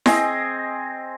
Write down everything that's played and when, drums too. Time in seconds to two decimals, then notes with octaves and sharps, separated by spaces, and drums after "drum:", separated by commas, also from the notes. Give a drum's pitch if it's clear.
0.06 C4 G#4 D#5, drum: snare E4